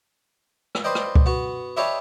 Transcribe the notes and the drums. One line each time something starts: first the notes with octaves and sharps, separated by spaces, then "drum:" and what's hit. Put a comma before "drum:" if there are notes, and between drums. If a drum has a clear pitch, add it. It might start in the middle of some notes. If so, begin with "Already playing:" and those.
drum: rim click
B4 C5 D5 D#5 G5
drum: rim click
drum: kick C#2
B3 F#4
D4 G4 B4 C#5 D#5 E5